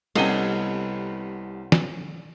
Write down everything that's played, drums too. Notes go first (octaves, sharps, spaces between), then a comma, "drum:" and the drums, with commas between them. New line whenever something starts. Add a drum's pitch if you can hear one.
C2 C3 B3 C#4 A4 D#5 D#7 G7, drum: cymbal
drum: snare